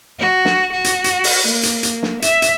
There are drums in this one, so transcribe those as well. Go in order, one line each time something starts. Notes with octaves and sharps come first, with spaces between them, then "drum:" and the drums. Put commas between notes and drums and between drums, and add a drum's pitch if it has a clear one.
F#4
drum: snare
F#4
drum: hi-hat
drum: hi-hat
drum: open hi-hat
A#3
drum: hi-hat
drum: hi-hat
drum: snare
E5, drum: hi-hat
drum: hi-hat